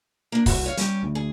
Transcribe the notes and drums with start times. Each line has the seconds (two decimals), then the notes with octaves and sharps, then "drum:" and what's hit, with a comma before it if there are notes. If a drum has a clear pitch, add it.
0.32 A#3 D4
0.46 C2 F#4, drum: kick, open hi-hat
0.66 C#5 F5
0.77 G3 C#4 G4, drum: hi-hat
1.03 D2
1.15 G#4